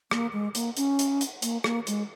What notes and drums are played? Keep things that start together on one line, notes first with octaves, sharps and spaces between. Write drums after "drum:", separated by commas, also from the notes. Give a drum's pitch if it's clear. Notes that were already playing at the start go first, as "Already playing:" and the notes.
A#3, drum: rim click
G#3
A#3, drum: hi-hat
C#4, drum: hi-hat
drum: hi-hat
drum: hi-hat
A#3, drum: hi-hat
A#3, drum: rim click
G#3, drum: hi-hat